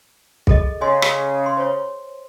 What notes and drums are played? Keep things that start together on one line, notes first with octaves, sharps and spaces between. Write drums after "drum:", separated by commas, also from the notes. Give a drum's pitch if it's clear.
G#4 A4 D#5, drum: kick
C#3 D#5 G#5 C6
drum: rim click
C6
C5 C#5